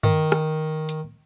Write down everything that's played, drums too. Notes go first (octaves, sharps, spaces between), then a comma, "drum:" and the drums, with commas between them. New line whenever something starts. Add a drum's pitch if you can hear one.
D#3, drum: tom G2
drum: rim click
drum: hi-hat